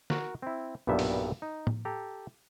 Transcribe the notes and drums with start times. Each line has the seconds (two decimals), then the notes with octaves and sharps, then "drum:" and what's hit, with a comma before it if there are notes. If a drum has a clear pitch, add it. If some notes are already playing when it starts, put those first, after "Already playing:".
0.10 F#4 A#4, drum: snare
0.42 C4 E4
0.87 B1 G2 A#2 G3 B3 E5
0.99 drum: open hi-hat
1.42 D#4
1.67 drum: tom A2
1.85 G4 A4 A#5